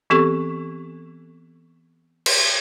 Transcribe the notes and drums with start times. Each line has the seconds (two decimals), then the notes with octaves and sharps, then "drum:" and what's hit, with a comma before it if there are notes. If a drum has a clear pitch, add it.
0.10 E3 B3 C4 G4 A4 C#6
2.26 drum: cymbal